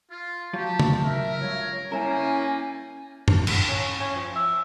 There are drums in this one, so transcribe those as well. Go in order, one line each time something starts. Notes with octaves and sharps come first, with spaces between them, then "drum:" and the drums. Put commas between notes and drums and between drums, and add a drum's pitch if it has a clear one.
F4
F#3 F4 G4 C#5 A5
drum: tom C#3
A#4 E5
C#2 G2 C#5
G3 A#3 C#4 E4 A#4 G#5
drum: tom F#2
drum: cymbal
C#4
C#4
F3
E5